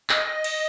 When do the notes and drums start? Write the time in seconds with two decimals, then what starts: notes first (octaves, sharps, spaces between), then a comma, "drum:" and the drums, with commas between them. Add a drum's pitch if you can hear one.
0.10 D#5, drum: clap
0.44 drum: cymbal